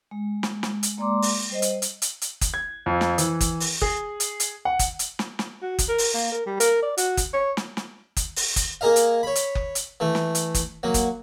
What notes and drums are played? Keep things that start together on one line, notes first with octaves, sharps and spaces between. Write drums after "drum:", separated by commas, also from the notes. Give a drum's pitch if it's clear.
G#3
drum: snare
drum: snare
drum: hi-hat
G#3 A#3 D5 A#5 C6 D6
drum: open hi-hat
G3 C5 D#5
drum: hi-hat
drum: hi-hat
drum: hi-hat
drum: hi-hat
drum: kick F#1, hi-hat
G#6
F2
drum: snare
E3, drum: hi-hat
drum: kick F#1, hi-hat
drum: open hi-hat
G#4, drum: kick F#1
drum: hi-hat
drum: hi-hat
F#5
drum: kick F#1, hi-hat
drum: hi-hat
drum: snare
drum: snare
F#4
drum: kick F#1, hi-hat
A#4
drum: open hi-hat
A#3
A#4
G3
A#4, drum: hi-hat
D5
F#4, drum: hi-hat
drum: kick F#1, hi-hat
C#5
drum: snare
drum: snare
drum: kick F#1, hi-hat
drum: open hi-hat
drum: kick F#1, hi-hat
A#3 G#4 A#4 D#5 F5
drum: hi-hat
C#5 B5
drum: hi-hat
drum: kick F#1
drum: hi-hat
E3 A3
drum: snare
drum: hi-hat
drum: kick F#1, hi-hat
F#3 A#3
drum: kick F#1, hi-hat